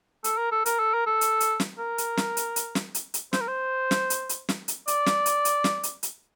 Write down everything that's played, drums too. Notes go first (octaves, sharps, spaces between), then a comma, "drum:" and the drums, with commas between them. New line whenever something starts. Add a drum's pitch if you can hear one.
A4, drum: hi-hat
A#4
A4
A#4, drum: hi-hat
A4
A#4
A4
drum: hi-hat
drum: hi-hat
drum: snare
A#4
drum: hi-hat
drum: snare
drum: hi-hat
drum: hi-hat
drum: snare
drum: hi-hat
drum: hi-hat
C5, drum: snare
A#4
C5
drum: snare
drum: hi-hat
drum: hi-hat
drum: snare
drum: hi-hat
D5, drum: hi-hat
drum: snare
drum: hi-hat
drum: hi-hat
drum: snare
drum: hi-hat
drum: hi-hat